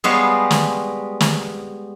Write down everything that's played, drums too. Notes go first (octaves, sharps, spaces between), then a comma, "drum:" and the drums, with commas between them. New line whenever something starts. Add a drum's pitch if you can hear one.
G3 G#3 B3 C#5 F5 A5
drum: snare
drum: snare